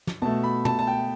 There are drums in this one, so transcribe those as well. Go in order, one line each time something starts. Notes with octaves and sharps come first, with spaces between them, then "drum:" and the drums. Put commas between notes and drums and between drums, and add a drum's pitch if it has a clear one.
drum: snare
B2 A3 A5
B5
A5, drum: tom
A5
G5